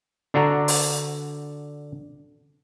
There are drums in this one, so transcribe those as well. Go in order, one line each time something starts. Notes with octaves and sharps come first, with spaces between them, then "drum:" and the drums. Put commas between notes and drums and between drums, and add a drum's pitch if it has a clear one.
D3 D4 F#4 A#5
drum: open hi-hat